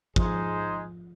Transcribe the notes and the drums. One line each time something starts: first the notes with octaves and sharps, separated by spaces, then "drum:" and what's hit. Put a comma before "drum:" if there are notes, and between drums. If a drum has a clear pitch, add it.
F3 G#3 D#4 G#4 C5, drum: kick